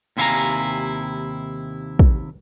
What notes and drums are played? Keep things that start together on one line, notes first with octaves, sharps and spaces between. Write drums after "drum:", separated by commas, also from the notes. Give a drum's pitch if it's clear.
D#2 C3 E4 F5 G#5 A#5
drum: kick